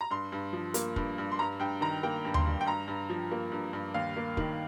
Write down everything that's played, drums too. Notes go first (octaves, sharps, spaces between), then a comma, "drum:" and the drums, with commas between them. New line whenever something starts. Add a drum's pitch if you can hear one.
A#5
G2 C6
G2
F3
A#3, drum: hi-hat
G2, drum: kick
G2
C6
G2 A#5
G2 G5
D#3 A#5
A#3 G5
G2
C6, drum: tom D#2
G2
G5
G2 A#5
G2
F3
A#3
G2
G2
D#2 F5
A#3
D#3, drum: kick